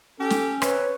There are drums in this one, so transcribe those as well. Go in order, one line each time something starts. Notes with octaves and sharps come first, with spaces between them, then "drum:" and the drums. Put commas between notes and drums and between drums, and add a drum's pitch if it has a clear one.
C#4 G4 A4
drum: snare
C3 B4 C#5, drum: rim click